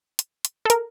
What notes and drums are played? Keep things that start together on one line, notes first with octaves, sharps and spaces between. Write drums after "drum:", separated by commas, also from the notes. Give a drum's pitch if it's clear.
drum: hi-hat
drum: hi-hat
A4
A#4, drum: hi-hat